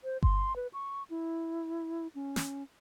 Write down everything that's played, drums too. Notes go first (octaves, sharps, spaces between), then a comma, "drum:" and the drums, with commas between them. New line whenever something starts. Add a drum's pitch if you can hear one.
C5
C6, drum: kick G1
B4
C#6
E4
C#4
drum: snare